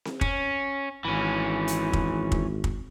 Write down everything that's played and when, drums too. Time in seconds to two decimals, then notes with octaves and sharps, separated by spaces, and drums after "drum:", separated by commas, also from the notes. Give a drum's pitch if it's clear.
0.05 drum: snare C4
0.21 C#4, drum: kick
1.05 G#1 E3 C#4
1.68 drum: hi-hat
1.93 drum: kick
2.32 drum: kick
2.64 drum: kick